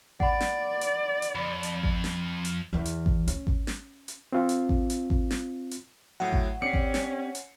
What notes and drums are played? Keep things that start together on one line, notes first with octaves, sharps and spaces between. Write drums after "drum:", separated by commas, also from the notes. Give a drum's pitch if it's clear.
D5 F#5 B5, drum: kick G#1
drum: snare
drum: hi-hat
drum: hi-hat
F2 B5
drum: hi-hat
drum: kick G#1
drum: snare
drum: hi-hat
E2 E3
drum: hi-hat
drum: kick G#1
C#4, drum: hi-hat
drum: kick G#1
drum: snare
drum: hi-hat
C4 F4
drum: hi-hat
drum: kick G#1
drum: hi-hat
drum: kick G#1
drum: snare
drum: hi-hat
A2 F#3 F#5
drum: kick G#1
C4 C#4 G4 D5 C7 C#7
drum: kick G#1
drum: snare
drum: hi-hat